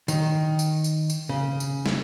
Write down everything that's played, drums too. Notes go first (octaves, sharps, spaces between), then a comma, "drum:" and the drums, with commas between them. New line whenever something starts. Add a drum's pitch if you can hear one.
D#3, drum: tambourine
drum: tambourine
drum: tambourine
drum: tambourine
C#3
drum: tambourine
drum: snare